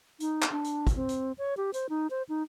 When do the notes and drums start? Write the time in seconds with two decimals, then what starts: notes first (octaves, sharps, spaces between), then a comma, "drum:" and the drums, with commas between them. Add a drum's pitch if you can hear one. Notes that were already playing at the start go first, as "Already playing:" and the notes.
0.20 D#4, drum: hi-hat
0.42 drum: clap
0.52 D4
0.64 drum: hi-hat
0.87 drum: kick, hi-hat
0.96 C4
1.09 drum: hi-hat
1.38 C#5
1.57 G4
1.74 C5, drum: hi-hat
1.89 D#4
2.11 C5
2.29 D#4